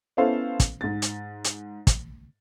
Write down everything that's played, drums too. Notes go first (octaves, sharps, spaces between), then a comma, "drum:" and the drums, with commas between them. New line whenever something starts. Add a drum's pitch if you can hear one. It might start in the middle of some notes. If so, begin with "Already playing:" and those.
B3 C#4 E4 A4 C5 F5
drum: kick, hi-hat
G#2 A6
drum: hi-hat
drum: hi-hat
drum: kick, hi-hat